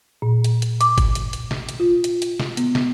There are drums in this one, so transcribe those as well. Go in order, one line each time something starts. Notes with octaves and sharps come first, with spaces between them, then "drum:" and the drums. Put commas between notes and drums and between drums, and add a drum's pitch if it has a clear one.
A#2
drum: hi-hat
drum: hi-hat
D6, drum: hi-hat
drum: kick G1, hi-hat
drum: hi-hat
drum: hi-hat
drum: snare
drum: hi-hat
F4
drum: hi-hat
drum: hi-hat
drum: snare
B3, drum: hi-hat
drum: snare